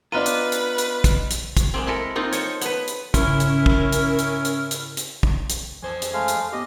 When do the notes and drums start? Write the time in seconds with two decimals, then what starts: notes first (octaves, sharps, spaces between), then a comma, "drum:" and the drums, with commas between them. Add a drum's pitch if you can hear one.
0.12 B3 D4 F4 B4 D#5 A#5 F6 D#7
0.26 drum: hi-hat
0.52 drum: hi-hat
0.78 drum: hi-hat
1.04 drum: kick, hi-hat
1.30 drum: hi-hat
1.57 drum: kick, hi-hat
1.74 G#3 A#3 C4
1.86 G#3 E4 A4 A#4
2.16 A#3 C4 D#4 F4
2.32 A4 C5 C#5, drum: hi-hat
2.61 B3 B4, drum: hi-hat
2.87 drum: hi-hat
3.14 G#2 C#3 C#4 E4 A#4 C#6, drum: kick, hi-hat
3.40 drum: hi-hat
3.66 drum: kick
3.92 drum: hi-hat
4.18 drum: hi-hat
4.45 drum: hi-hat
4.71 drum: hi-hat
4.97 drum: hi-hat
5.23 drum: kick
5.49 drum: hi-hat
5.83 F2 C5 G#5 A5
6.02 drum: hi-hat
6.13 G#3 A3 F5
6.28 drum: hi-hat
6.52 B3 G4 D#5